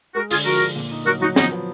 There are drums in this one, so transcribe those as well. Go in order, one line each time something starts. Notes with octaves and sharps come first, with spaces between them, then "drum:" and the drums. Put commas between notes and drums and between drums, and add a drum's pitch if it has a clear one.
G#3 F#4 A#4
D3 F4 G#4, drum: open hi-hat
F3 F#4 A#4
D3
A#2
D#4
F#3 F#4 A#4
F#3 D#4 F#4
F3 B3 D#4, drum: snare
B3